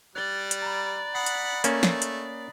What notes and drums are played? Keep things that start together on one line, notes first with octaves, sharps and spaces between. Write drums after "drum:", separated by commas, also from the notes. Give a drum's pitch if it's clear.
G3 D5 F#6 A6 G7
drum: hi-hat
A#5 B5
F#5 B5 D#6 B6 C7
drum: hi-hat
A3 A#3 C#4, drum: hi-hat
drum: snare
drum: hi-hat